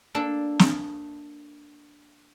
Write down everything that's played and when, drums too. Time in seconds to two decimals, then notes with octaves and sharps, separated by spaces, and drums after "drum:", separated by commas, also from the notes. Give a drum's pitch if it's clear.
0.14 A#3 D4 A4
0.59 drum: snare